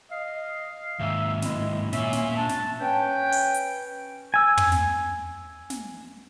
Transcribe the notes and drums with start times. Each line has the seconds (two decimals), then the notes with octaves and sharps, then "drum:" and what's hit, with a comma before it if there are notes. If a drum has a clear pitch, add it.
0.11 D#5 F5
0.99 D#2 G#2 E5
1.42 G#3 E4, drum: snare
1.93 A#2 C#4 E5, drum: snare
2.13 drum: snare
2.37 D4 A5
2.49 drum: snare
2.81 C#4 B4 G5
3.32 drum: open hi-hat
3.54 drum: hi-hat
4.34 G#5 E6
4.58 drum: tom
4.72 drum: snare
5.70 drum: snare